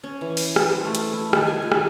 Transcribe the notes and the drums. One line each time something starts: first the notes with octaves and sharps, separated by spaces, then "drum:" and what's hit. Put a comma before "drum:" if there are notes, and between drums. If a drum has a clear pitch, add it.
C#4
E3
drum: open hi-hat
E4, drum: rim click
C5
A3
drum: hi-hat
E4
D#3, drum: rim click
G#5
F4
drum: rim click